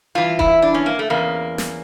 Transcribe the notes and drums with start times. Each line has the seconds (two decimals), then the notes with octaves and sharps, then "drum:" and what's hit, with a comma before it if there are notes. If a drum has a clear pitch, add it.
0.15 G2 E3 F4
0.39 E4, drum: kick D#1
0.62 D4
0.74 C#4
0.86 A#3
0.99 A3
1.10 E2 C#3 A#3
1.58 drum: snare